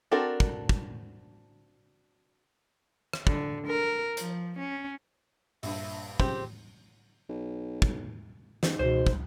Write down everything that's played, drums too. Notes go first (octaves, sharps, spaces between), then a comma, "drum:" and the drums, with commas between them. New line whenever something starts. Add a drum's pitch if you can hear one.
C4 D4 F#4 A4 A#4
drum: kick
drum: kick
drum: rim click
D3, drum: kick
A#4
F3, drum: hi-hat
C#4
A#1 G2 E5, drum: open hi-hat
A#2 C#3 C4 G4, drum: kick
B1
drum: kick
G#2 C#4, drum: snare
C#2 B2 C5
drum: kick